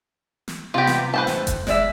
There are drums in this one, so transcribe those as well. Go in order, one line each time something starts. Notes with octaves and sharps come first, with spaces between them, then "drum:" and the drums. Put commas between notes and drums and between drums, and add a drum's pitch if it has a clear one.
drum: snare
C3 B3 F4 G4
drum: snare
A2 B4 C5 A5
drum: snare
drum: kick F#1, hi-hat
G#3 D5 E5, drum: snare